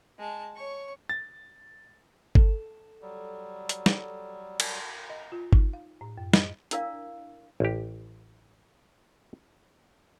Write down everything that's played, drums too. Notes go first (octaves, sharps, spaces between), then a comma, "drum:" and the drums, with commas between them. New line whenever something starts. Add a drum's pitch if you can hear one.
G#3 A5
C#5 C#6
A6
A4, drum: kick G1
F#3 G3
drum: hi-hat
drum: snare
drum: cymbal
D#5
F4
D#4, drum: kick G1
F5
A2
F#2
D#5, drum: snare
D4 E4 A#4 D5 F5, drum: hi-hat
A1 G4